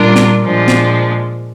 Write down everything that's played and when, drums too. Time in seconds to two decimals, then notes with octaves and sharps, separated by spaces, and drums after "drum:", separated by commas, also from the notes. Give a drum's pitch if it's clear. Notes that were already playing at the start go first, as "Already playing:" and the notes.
Already playing: A#2 G3 D4 F4 A#4
0.16 drum: snare
0.44 A#2 F3 G#3 D4
0.68 drum: snare